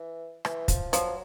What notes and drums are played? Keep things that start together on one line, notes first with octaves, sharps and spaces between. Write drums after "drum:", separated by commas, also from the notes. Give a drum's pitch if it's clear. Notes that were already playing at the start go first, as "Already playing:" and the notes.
Already playing: E3
E3, drum: rim click
F3, drum: kick, hi-hat
F3 F#3, drum: hi-hat